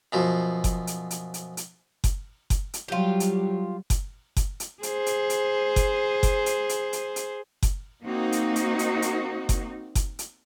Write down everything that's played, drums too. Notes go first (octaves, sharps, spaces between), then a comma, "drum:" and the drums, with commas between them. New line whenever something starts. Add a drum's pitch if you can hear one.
F#2 B2 F3
drum: kick F#1, hi-hat
drum: hi-hat
drum: hi-hat
drum: hi-hat
drum: hi-hat
drum: kick F#1, hi-hat
drum: kick F#1, hi-hat
drum: hi-hat
F#3 G3 F4 G4
drum: hi-hat
drum: kick F#1, hi-hat
drum: kick F#1, hi-hat
drum: hi-hat
G#4 C5, drum: hi-hat
drum: hi-hat
drum: hi-hat
drum: kick F#1, hi-hat
drum: kick F#1, hi-hat
drum: hi-hat
drum: hi-hat
drum: hi-hat
drum: hi-hat
drum: kick F#1, hi-hat
A#3 C4 D#4 F#4
drum: hi-hat
drum: hi-hat
drum: hi-hat
drum: hi-hat
drum: kick F#1, hi-hat
drum: kick F#1, hi-hat
drum: hi-hat